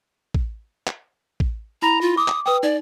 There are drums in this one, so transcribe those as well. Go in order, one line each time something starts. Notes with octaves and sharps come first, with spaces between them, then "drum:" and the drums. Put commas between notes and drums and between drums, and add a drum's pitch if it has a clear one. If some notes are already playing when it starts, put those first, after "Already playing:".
drum: kick
drum: clap
drum: kick
E4 A#5 B5 A#6
F4
D6 D#6
drum: clap
B4 G5 D#6
D#4 D5